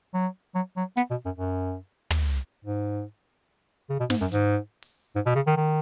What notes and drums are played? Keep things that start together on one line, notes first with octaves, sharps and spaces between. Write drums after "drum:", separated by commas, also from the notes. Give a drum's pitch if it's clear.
F#3
F#3
F#3
B3, drum: hi-hat
B2
F#2
F#2
drum: tom
G#2
C#3
B2
G#2, drum: snare
F#2
G#2, drum: hi-hat
drum: open hi-hat
G#2
B2
C#3
D#3
D#3